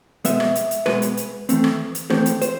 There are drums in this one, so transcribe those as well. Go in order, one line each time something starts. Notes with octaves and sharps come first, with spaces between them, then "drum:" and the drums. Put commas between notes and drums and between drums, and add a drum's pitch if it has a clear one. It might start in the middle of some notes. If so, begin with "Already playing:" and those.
B2 G#3 B3 E5, drum: hi-hat
drum: rim click
drum: hi-hat
drum: hi-hat
B2 G#3 B3 B4, drum: rim click
drum: hi-hat
drum: hi-hat
E3 A3 C4, drum: hi-hat
drum: rim click
drum: hi-hat
E3 A3 C4 C5, drum: rim click
drum: hi-hat
C5, drum: hi-hat